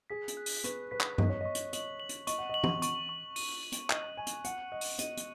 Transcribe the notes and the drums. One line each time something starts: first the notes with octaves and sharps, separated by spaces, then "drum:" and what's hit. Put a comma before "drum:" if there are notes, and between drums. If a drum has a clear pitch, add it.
G#4 B6
drum: hi-hat
F#6
drum: open hi-hat
B4 C#6, drum: hi-hat
B4 B6
drum: clap
D#5 C#6, drum: tom G2
C#5
D#5 C#6
drum: hi-hat
D#5 F#7, drum: hi-hat
F#7
drum: hi-hat
D#5 C#6, drum: hi-hat
F#5
D#5 F#7
drum: tom
C#6, drum: hi-hat
C#6
D#7, drum: open hi-hat
D#7
drum: hi-hat
D#5 F#6, drum: clap
G#5 D#7
drum: hi-hat
F#5 C#7, drum: hi-hat
D#5 F#6
drum: open hi-hat
D#5 D#7, drum: hi-hat
drum: hi-hat